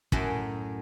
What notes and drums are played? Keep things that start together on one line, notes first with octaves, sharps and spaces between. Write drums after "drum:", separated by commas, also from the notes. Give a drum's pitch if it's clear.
F#2 A2 F#3, drum: kick